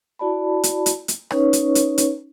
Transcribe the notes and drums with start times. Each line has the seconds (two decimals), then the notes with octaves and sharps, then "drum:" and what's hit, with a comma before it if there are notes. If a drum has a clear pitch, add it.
0.19 E4 F#4 D5 A5 B5
0.63 drum: hi-hat
0.86 drum: hi-hat
1.08 drum: hi-hat
1.31 C#4 D#4 B4 C#5 C#6, drum: rim click
1.53 drum: hi-hat
1.75 drum: hi-hat
1.98 drum: hi-hat